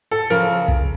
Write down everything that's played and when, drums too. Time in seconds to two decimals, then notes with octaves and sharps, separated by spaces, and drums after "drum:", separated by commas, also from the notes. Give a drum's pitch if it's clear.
0.11 A4
0.30 C#3 F3 A#4
0.68 drum: kick